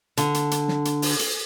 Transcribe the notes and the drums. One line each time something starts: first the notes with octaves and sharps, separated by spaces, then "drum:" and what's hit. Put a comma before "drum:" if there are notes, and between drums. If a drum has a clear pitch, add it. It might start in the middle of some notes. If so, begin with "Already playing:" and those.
D3, drum: hi-hat
drum: hi-hat
drum: hi-hat
drum: snare
drum: hi-hat
drum: open hi-hat
drum: hi-hat